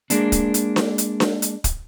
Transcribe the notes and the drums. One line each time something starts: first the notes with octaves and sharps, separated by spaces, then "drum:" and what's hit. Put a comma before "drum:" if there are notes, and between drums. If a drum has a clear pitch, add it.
G#3 A#3 D4, drum: hi-hat
drum: kick, hi-hat
drum: hi-hat
drum: snare D4
drum: hi-hat
drum: snare D4
drum: hi-hat
drum: kick, hi-hat